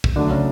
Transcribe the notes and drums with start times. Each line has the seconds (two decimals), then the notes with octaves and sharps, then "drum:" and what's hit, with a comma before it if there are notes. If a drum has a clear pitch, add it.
0.04 drum: kick
0.16 D3 F#3 A3 D4
0.31 C#3